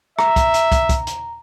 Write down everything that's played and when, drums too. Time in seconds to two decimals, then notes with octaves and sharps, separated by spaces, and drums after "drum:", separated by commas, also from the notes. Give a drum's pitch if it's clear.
0.19 E5 A#5, drum: rim click
0.36 drum: kick, hi-hat
0.54 drum: hi-hat
0.72 drum: kick, hi-hat
0.89 drum: kick, hi-hat
1.07 drum: hi-hat